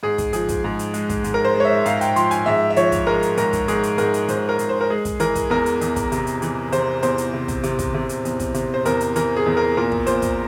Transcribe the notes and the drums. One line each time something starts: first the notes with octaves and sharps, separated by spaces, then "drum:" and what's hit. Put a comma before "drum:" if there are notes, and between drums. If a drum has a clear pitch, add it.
G#2 G#4
drum: kick, hi-hat
F3 G#4, drum: hi-hat
drum: kick, hi-hat
G#2
drum: hi-hat
G#3, drum: hi-hat
drum: kick, hi-hat
G#2, drum: hi-hat
A#4
C5
G#3
C#5
E5
G#2 F5, drum: hi-hat
G5, drum: hi-hat
F3 C6, drum: hi-hat
G#5, drum: hi-hat
G#2 E5
E5
F3 C#5, drum: hi-hat
drum: kick, hi-hat
G#3 A#4
drum: hi-hat
G#2 A#4, drum: hi-hat
drum: kick, hi-hat
G#2 G#4, drum: hi-hat
drum: hi-hat
G#2 A#4, drum: hi-hat
drum: hi-hat
G#2 C5, drum: hi-hat
A#4
G#2, drum: hi-hat
C5
A#4
G#3 G#4
drum: kick, hi-hat
E3 A#4, drum: hi-hat
drum: kick, hi-hat
E2 A#4
drum: hi-hat
E2, drum: hi-hat
drum: kick, hi-hat
C3, drum: hi-hat
drum: hi-hat
E3, drum: hi-hat
C3 C5, drum: hi-hat
E2 C5, drum: hi-hat
drum: hi-hat
C3
drum: kick, hi-hat
C3, drum: hi-hat
drum: kick, hi-hat
C3
drum: hi-hat
E2, drum: hi-hat
drum: kick, hi-hat
C3, drum: hi-hat
C5
E2 A#4, drum: hi-hat
drum: hi-hat
E3 A#4, drum: hi-hat
G#4
E2
A#4
A#2 A#4
drum: kick
A#2 C5, drum: hi-hat
drum: kick, hi-hat